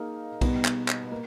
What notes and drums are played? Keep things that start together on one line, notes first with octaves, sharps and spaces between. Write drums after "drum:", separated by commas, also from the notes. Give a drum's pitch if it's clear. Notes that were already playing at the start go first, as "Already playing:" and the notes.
Already playing: A#3 D#4 G#4 F5
B2 G3 B3 D#4, drum: kick B1, cymbal
drum: clap
drum: clap
A#3